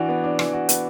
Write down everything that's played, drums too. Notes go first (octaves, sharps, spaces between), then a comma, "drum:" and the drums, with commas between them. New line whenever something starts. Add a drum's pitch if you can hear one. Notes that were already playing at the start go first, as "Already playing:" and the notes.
Already playing: E3 D4 F#4
B3
D4
E3, drum: rim click
F#4
B3, drum: hi-hat